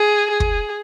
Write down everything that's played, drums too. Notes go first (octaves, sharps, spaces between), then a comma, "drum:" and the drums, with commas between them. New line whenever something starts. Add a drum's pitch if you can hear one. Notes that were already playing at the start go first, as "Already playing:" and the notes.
Already playing: G#4
G#4
drum: kick